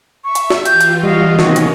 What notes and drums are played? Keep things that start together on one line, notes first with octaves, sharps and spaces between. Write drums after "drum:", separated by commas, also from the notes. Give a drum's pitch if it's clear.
E5 C#6
drum: hi-hat
drum: snare
E3 F4 G4 G6, drum: hi-hat
drum: hi-hat
G3 F#4 D#5 F5
C3 D#3 A#3 B3 C#4 F#4, drum: snare
drum: hi-hat